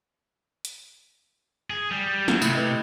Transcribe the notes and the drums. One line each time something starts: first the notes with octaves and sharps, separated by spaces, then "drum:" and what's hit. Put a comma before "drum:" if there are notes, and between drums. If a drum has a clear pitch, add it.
drum: hi-hat
G#4
G3
F#3 E4, drum: snare
C3 A3 E4 G#6, drum: tambourine
B4 D#5